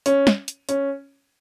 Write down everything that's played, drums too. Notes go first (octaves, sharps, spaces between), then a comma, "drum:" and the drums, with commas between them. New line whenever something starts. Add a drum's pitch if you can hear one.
C#4, drum: hi-hat
drum: snare
drum: hi-hat
C#4, drum: hi-hat